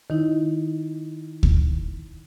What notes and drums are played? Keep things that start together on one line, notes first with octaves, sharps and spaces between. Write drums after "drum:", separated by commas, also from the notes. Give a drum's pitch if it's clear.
D#3 D#4 E4
drum: kick D2